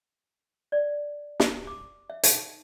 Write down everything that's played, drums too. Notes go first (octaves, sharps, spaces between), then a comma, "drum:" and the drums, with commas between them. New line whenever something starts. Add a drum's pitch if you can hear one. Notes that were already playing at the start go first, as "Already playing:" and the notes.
D5
drum: snare
D6
E5
D#4, drum: hi-hat